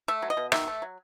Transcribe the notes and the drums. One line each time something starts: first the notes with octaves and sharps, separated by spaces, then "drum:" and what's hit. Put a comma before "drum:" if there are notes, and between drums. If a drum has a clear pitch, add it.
A3 E5
F#3
D#5
B2
D#3 E5, drum: rim click
A3
F#3